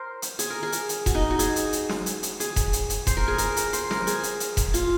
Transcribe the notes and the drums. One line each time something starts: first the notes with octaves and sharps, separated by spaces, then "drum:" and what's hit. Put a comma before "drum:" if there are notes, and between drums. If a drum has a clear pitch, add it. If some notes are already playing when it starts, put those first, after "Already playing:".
Already playing: A#4 C5
drum: hi-hat
G#4, drum: hi-hat
A#4
G#4
drum: hi-hat
drum: hi-hat
F#4, drum: kick E1, hi-hat
D#4
F#4
G#4, drum: hi-hat
drum: hi-hat
drum: hi-hat
drum: snare
drum: hi-hat
drum: hi-hat
G#4, drum: hi-hat
drum: kick E1, hi-hat
drum: hi-hat
drum: hi-hat
C5, drum: kick E1, hi-hat
A#4
G#4
A#4, drum: hi-hat
drum: hi-hat
C5, drum: hi-hat
A#4, drum: snare
G#4, drum: hi-hat
drum: hi-hat
drum: hi-hat
drum: kick E1, hi-hat
F4, drum: hi-hat